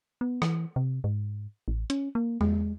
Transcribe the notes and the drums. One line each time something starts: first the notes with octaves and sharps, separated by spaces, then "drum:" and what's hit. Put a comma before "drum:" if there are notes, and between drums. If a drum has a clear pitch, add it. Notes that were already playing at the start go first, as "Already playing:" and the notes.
B3
E3, drum: rim click
C3
G#2
A1
C#4, drum: hi-hat
A#3
G#3, drum: tom E2